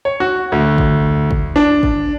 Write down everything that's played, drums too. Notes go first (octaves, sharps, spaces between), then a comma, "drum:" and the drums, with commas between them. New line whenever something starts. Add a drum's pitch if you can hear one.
C#5
F#4
D2
drum: kick G1
drum: kick G1
D4
drum: kick G1